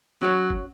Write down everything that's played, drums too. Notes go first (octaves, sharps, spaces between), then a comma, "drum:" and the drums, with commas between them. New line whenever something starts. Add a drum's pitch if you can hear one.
F#3 C#4 F#4 C#5, drum: snare
drum: kick F1